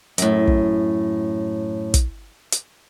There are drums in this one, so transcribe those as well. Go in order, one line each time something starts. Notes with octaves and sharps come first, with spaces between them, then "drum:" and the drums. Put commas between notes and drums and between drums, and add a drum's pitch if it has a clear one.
F#2 A2, drum: hi-hat
drum: kick
drum: kick, hi-hat
drum: hi-hat